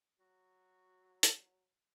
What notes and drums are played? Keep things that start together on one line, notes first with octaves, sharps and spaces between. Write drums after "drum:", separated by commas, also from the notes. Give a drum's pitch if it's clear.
F#3 F#4
drum: hi-hat